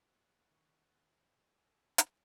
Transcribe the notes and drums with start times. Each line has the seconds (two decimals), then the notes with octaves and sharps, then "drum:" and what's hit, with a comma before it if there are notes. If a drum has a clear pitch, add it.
0.06 F#5
0.51 D#3 C#6
1.57 A4 G#5
1.98 drum: hi-hat